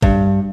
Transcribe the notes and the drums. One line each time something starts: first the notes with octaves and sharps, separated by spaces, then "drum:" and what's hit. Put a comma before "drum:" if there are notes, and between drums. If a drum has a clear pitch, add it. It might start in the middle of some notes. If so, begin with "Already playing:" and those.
G2, drum: kick